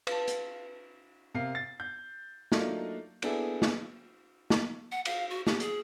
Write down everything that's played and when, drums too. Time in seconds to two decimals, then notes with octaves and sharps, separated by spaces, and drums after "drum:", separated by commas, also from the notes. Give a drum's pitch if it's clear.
0.07 F4 B4 A5, drum: cymbal
0.28 drum: hi-hat
1.35 C3 A#4 F5 C7
1.55 A6
1.80 G6
2.52 F#3 A3 A#3 D4 D#4 F4, drum: snare
3.22 A#3 B3 D4 E4 G#4 A4, drum: cymbal
3.62 drum: snare
4.50 drum: snare
4.92 F#5
5.05 F5, drum: cymbal
5.30 F#4
5.47 G4, drum: snare
5.60 G#4, drum: hi-hat